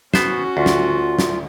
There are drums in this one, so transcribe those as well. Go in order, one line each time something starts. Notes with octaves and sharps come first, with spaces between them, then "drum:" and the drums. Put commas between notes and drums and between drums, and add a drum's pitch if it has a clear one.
B3 C#4 F#4 C5, drum: snare
D2 F4
drum: snare
drum: snare